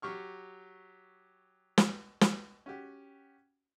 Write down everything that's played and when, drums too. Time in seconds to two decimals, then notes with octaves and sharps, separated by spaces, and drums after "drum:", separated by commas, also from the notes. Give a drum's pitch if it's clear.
0.02 F#3 G4 C#6 F6
1.78 drum: snare
2.21 drum: snare
2.66 C#4 F#4 G4